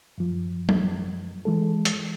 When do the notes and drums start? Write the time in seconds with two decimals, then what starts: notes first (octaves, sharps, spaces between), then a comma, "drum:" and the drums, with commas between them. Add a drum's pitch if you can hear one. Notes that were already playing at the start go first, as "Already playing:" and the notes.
0.18 F#2 F3
0.69 drum: tom F#3
1.45 E3 G#3 A4
1.85 drum: hi-hat